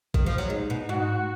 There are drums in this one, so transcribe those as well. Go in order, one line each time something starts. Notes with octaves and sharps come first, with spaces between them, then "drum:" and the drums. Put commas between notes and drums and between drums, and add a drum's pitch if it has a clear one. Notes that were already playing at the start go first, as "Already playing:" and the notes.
D#3, drum: kick
F3
F#3
G#3 D#4
B2
G#2 F#4